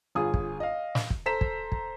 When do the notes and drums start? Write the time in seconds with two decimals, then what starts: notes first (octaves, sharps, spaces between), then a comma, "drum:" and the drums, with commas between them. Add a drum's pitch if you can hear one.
0.15 G1 F4 G#4 G#5 D#6
0.34 drum: kick
0.60 D#5 F5
0.95 drum: snare
1.10 drum: kick
1.26 A4 C5 A#5 B6 E7
1.41 drum: kick
1.72 drum: kick